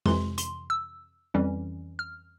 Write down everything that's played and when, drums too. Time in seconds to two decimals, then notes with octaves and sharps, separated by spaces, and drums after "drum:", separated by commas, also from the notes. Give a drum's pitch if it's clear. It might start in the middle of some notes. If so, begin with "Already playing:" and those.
0.06 F2 C3 E3 C6, drum: tom G#3
0.38 C6, drum: hi-hat
0.70 E6
1.34 F2 E3 G3 C#4
1.99 F6